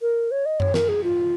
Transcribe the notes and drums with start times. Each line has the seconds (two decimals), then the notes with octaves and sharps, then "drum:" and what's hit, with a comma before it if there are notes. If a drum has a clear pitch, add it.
0.02 A#4
0.31 C#5
0.46 D#5
0.60 C#5, drum: tom F#2
0.74 A#4, drum: snare
0.89 G#4
1.04 F4